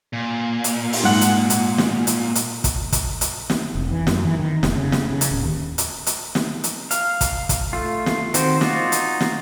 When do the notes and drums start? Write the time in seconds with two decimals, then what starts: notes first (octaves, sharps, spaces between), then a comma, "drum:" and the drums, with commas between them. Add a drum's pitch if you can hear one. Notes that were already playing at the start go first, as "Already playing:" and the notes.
0.13 A#2
0.64 drum: hi-hat
0.93 drum: open hi-hat
1.03 G#2 F#5
1.21 drum: hi-hat
1.50 drum: hi-hat
1.78 drum: snare
2.07 drum: hi-hat
2.35 drum: hi-hat
2.64 drum: kick, hi-hat
2.93 drum: kick, hi-hat
3.21 drum: hi-hat
3.50 drum: snare
3.75 F1
3.92 E3
4.07 F#2, drum: snare
4.25 E3
4.39 D#3
4.63 F1, drum: snare
4.76 C#3
4.92 drum: snare
5.10 C#3
5.21 drum: hi-hat
5.31 D1
5.44 D#2
5.78 drum: hi-hat
6.07 drum: hi-hat
6.35 drum: snare
6.64 drum: hi-hat
6.91 F5, drum: hi-hat
7.21 drum: kick, hi-hat
7.49 drum: kick, hi-hat
7.73 A3 F4
8.06 drum: snare
8.34 D#3 C4 F#4 C5, drum: hi-hat
8.61 D#4 F4 F#4 D5, drum: snare
8.92 drum: hi-hat
9.21 drum: snare